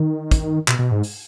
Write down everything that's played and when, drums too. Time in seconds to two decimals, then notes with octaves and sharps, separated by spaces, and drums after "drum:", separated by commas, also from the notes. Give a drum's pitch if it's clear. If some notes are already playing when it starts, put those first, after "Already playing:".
Already playing: D#3
0.31 drum: kick, hi-hat
0.68 B2, drum: clap
0.79 B2
0.92 G#2
1.03 drum: open hi-hat